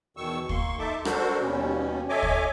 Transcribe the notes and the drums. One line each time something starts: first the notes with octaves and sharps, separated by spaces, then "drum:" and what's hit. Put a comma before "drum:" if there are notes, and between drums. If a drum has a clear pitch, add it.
E2 B2 D#3 C#6 E6
A#3 C6 C#6, drum: kick
D#4 A4 E5 A5 D6
D4 F#4 A4 A#4 C5, drum: rim click
D#2 B2 G3 C#4
A4 C#5 D#5 E5 G#5 D6
drum: kick